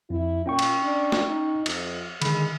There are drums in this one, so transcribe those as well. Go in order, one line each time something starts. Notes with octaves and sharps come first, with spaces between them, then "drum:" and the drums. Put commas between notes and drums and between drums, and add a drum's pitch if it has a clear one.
F2 E4
A#2 C#4 G5 C#6
drum: cymbal
D4
drum: snare
D#4
F2, drum: cymbal
D3 D#3 G#3 B5, drum: cymbal